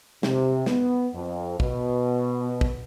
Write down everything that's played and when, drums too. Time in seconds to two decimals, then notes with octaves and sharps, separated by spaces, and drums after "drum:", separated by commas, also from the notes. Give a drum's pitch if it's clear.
0.23 C3, drum: snare
0.66 B3, drum: snare
1.15 F2
1.60 B2, drum: kick
2.61 drum: kick